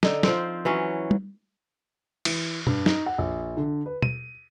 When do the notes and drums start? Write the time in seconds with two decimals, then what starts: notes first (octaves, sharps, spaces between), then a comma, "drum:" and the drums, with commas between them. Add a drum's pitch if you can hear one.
0.03 D3 D#4, drum: snare
0.23 F3 C4, drum: snare
0.65 E3 F#3 C#4
1.11 drum: tom
2.25 E3, drum: cymbal
2.67 G2, drum: tom
2.86 D#4, drum: snare
3.06 F#5
3.18 A#1
3.57 D3
3.86 B4
4.02 D#7, drum: tom